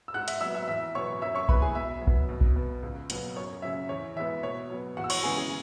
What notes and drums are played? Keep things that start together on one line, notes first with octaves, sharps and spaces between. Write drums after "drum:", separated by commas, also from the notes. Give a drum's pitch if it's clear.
E6
G#2 F#5 F#6
E5 E6, drum: hi-hat
F#3 B3 E5 E6
E5 E6
E2 E5 E6
B2 F#3 B3 C#5 C#6
F#2 E5 E6
C#5 C#6
E3 G#3 B3 B4 B5, drum: kick B1
G#4 G#5
B2 E5
F#3
B3, drum: kick B1
B2
drum: kick B1
B3
C#2
B2 F#3 B3, drum: hi-hat
F#2 C#5
C#3 F#3 E5
E2 C#5
E3 G#3 B3 E5
B2 C#5
F#3 B3
E2 F#4 F#5
E6
C#5 C#6, drum: cymbal
C#3 E3 G#3 B3 G#4 G#5
G#4 G#5